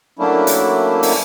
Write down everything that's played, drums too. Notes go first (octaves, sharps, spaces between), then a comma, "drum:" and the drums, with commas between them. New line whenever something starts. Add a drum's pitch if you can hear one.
F#3 A3 A#3 C#4 D4 E4
drum: hi-hat
drum: open hi-hat